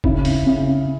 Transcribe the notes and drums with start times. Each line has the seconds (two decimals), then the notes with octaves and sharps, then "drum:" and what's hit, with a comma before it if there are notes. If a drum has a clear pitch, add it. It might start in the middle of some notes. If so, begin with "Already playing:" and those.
0.04 C#3 E4, drum: kick
0.25 drum: open hi-hat
0.46 C#3